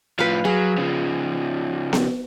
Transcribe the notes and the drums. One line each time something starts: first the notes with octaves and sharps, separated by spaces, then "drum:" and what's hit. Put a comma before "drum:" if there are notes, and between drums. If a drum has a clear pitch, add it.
A2 F3 B4 F5
F#3 G#4
C#3 F3
drum: snare B3